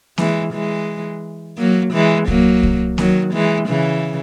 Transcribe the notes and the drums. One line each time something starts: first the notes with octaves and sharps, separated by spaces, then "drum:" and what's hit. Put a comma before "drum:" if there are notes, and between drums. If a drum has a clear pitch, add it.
E3 G#3, drum: snare A#3
E3 G#3
F#3 A#3
E3 G#3
F#3 A#3, drum: kick C2
drum: kick C2
D#3 F#3, drum: snare A#3
E3 G#3
C#3 E3